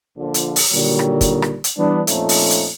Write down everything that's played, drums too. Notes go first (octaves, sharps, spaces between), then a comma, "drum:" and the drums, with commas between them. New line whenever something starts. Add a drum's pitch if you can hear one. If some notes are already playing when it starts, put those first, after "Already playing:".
A#1 D3 F3
drum: hi-hat
drum: open hi-hat
A#2 D3 D#3 F#3 G3
drum: rim click
drum: kick, hi-hat
drum: rim click
drum: hi-hat
E3 G3 B3 D4
F2 A#2 F3 A3 C#4 D#4, drum: hi-hat
drum: open hi-hat
drum: hi-hat